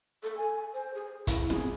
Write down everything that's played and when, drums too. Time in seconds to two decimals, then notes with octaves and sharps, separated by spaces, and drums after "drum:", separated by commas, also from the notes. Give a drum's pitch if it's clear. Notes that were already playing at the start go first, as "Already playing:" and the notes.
0.23 A4
0.37 G#5
0.73 C5
0.94 G#4
1.27 E4, drum: kick, hi-hat
1.50 G#4, drum: snare